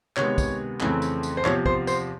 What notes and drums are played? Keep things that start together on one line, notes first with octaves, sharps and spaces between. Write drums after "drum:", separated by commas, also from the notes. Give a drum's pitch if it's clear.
C3 D#3 G#3 B3 C#5, drum: clap
drum: kick, tambourine
F2 C#3 E3 A3 C4, drum: clap
drum: tambourine
drum: tambourine
C5
E2 C3 F3 C#5, drum: clap
C5, drum: kick
C5, drum: tambourine